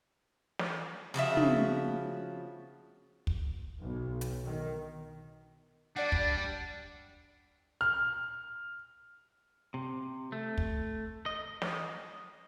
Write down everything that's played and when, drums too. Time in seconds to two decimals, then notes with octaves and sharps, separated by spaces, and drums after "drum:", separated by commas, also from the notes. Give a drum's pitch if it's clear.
0.59 drum: snare
1.14 C#3 F3 F#4 E5
1.37 drum: tom
3.27 drum: kick
3.80 B1
4.21 drum: hi-hat
4.45 D#3
5.96 G3 D4 D5 F#5
6.12 drum: kick
7.81 F6
9.74 C3
10.32 A3
10.58 drum: kick
11.26 D#5
11.62 drum: snare